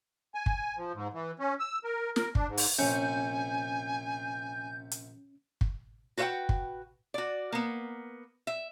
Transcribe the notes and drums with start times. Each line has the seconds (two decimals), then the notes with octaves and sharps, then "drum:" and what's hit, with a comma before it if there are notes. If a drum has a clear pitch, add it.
0.35 G#5
0.46 drum: kick
0.77 F3
0.94 G#2
1.13 E3
1.39 C#4
1.60 E6
1.84 A#4
2.16 A#4, drum: snare
2.35 D4, drum: kick
2.48 G#2
2.57 drum: open hi-hat
2.79 A#1 C3 C#4 G#5 C#6 G6
4.91 drum: hi-hat
5.61 drum: kick
6.17 F#4 B4 C5 E5 F#5 G5
6.49 drum: kick
7.14 F#4 D5
7.52 A#3 B3
8.47 E5